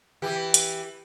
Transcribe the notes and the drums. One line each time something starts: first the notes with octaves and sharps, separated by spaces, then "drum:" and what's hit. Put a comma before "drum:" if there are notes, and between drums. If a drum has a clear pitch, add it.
E3 G4
drum: hi-hat